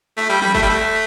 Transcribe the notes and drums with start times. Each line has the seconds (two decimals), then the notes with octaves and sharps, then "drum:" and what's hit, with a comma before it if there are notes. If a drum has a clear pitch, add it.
0.17 A3
0.29 G3
0.42 G3, drum: tom E3
0.54 A3, drum: kick
0.62 G3
0.69 A3